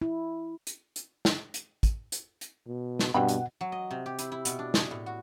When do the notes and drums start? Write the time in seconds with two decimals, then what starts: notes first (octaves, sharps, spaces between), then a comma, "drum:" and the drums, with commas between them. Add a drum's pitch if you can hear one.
0.02 E4
0.67 drum: hi-hat
0.96 drum: hi-hat
1.25 drum: snare
1.54 drum: hi-hat
1.83 drum: kick, hi-hat
2.12 drum: hi-hat
2.41 drum: hi-hat
2.67 B2
2.99 drum: snare
3.14 G2 B2 C4 F#5 G5 B5
3.28 drum: hi-hat
3.61 F#3
3.72 D#5
3.91 C3
4.06 G4
4.19 E4, drum: hi-hat
4.32 E4
4.45 B2, drum: hi-hat
4.59 D4
4.74 G#4, drum: snare
4.91 A2
5.06 F#4